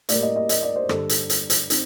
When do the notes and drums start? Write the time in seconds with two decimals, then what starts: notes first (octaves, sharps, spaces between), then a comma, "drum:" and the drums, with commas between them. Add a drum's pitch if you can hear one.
0.09 A2 G3 A#3 D5, drum: hi-hat
0.22 D#5
0.36 D#5
0.49 D#5, drum: hi-hat
0.63 D5
0.76 C5
0.89 G2 D3 G3 A4, drum: rim click
1.09 drum: hi-hat
1.30 drum: hi-hat
1.50 drum: hi-hat
1.70 C4 D#4, drum: hi-hat